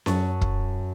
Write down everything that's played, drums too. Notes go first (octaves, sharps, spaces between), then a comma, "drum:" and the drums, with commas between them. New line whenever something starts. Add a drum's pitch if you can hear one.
F#2 A5 C#6, drum: snare C#4
drum: kick